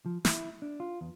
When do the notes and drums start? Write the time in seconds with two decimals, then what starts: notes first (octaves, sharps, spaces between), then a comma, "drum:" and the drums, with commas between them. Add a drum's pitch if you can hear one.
0.06 F3
0.25 E4, drum: snare
0.62 D4
0.80 F4
1.01 E2